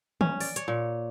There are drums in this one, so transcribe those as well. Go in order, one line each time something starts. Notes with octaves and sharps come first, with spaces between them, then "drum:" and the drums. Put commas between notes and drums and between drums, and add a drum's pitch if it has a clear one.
C#4, drum: tom
D5, drum: open hi-hat
C#5, drum: hi-hat
A#2